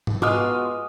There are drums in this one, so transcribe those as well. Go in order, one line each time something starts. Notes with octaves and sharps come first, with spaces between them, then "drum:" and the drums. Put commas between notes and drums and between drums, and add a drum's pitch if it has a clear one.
drum: tom G#2
G#3 B3 F4 F#4 F5 D6 D#6 F6